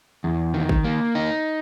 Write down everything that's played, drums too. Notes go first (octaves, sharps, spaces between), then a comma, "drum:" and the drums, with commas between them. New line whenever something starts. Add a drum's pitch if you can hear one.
E2
D#3
drum: kick
A#3
D#4